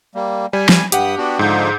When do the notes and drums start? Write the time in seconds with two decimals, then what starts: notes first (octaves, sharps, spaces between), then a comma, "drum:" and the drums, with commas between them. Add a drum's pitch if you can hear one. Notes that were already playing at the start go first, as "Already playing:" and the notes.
0.15 G3 A#3
0.53 G3 G#5
0.69 drum: snare
0.92 G2 G4 F#5 D#6, drum: hi-hat
1.18 B3 D4 F#4
1.39 G#2 D3 F3 D#4 G6